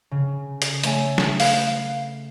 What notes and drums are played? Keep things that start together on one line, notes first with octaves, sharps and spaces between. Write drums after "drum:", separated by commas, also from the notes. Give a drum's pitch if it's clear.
C#3
drum: hi-hat
A3 C#5 G#5, drum: hi-hat
drum: snare
B4 C5 F5, drum: open hi-hat
F5